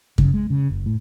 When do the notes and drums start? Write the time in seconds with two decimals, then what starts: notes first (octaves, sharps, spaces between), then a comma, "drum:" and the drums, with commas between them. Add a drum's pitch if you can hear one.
0.18 C#3, drum: kick F#2
0.34 G#3
0.50 C#3
0.69 F#1
0.86 A2